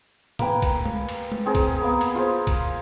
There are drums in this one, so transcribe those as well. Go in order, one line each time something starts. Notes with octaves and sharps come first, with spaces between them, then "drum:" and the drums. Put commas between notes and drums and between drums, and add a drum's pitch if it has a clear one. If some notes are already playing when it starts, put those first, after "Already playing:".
A#3 B4 G5 G#5, drum: tom G#2
drum: kick, cymbal
drum: tom G#3
drum: cymbal
drum: tom G#3
C4 G#4 A#4
drum: kick, cymbal
A#3 B3
drum: cymbal
F4 G#4 C5
drum: kick, cymbal